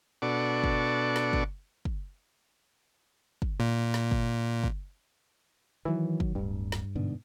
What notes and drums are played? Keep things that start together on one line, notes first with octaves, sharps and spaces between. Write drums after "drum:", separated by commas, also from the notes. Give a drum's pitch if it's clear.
B2 D4 F#4 A4 D5 C#6
drum: kick
drum: snare
drum: kick
drum: kick
drum: kick
A#2
drum: snare
drum: kick
drum: kick
D#3 E3 F#3
drum: kick
D1 G2
drum: snare
G#2 B2 D3